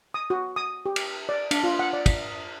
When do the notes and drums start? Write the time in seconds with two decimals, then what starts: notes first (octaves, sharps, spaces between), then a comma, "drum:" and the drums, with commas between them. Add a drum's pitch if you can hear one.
0.14 D#6
0.30 F#4
0.56 D#6
0.86 G4
0.96 drum: cymbal
1.29 D5
1.51 D4, drum: cymbal
1.64 F4
1.79 F#5
1.93 D5
2.06 drum: kick, cymbal